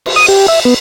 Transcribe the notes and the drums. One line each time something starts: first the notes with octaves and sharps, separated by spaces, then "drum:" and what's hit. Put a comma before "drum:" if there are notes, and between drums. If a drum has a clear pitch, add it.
drum: cymbal
D#6
G4
E5
B3